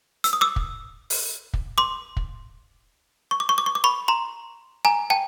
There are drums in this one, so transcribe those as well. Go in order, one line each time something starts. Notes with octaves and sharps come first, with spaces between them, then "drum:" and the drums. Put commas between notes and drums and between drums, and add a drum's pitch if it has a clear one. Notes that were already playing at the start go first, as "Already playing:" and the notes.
E6, drum: hi-hat
D#6
D6 E6
drum: kick
drum: open hi-hat
drum: kick
C6 D6
drum: kick
C#6
D6
C#6
D6
C#6
D6
B5 C#6
A#5 C6
G#5 A#5
G5 A5